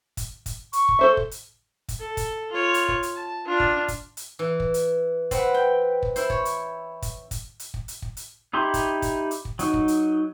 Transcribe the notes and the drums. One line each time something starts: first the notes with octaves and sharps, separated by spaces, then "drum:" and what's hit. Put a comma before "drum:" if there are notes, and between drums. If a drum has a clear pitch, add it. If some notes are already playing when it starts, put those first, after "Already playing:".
drum: kick, hi-hat
drum: kick, hi-hat
C#6, drum: hi-hat
drum: kick
A4 C5 E5
drum: kick
drum: hi-hat
drum: kick, hi-hat
A4
drum: kick, hi-hat
F4 C#5
drum: hi-hat
drum: kick
drum: hi-hat
A5
D4 F4
drum: kick
drum: kick, hi-hat
drum: hi-hat
E3
drum: kick
drum: hi-hat
C4 B4 F#5, drum: kick, hi-hat
G5
drum: kick
E4 C5, drum: hi-hat
C#5, drum: kick
drum: hi-hat
drum: kick, hi-hat
drum: kick, hi-hat
drum: hi-hat
drum: kick
drum: hi-hat
drum: kick
drum: hi-hat
D#4 E4 G4 C6
drum: kick, hi-hat
drum: kick, hi-hat
drum: hi-hat
drum: kick
F#3 D#4, drum: hi-hat
drum: kick
drum: hi-hat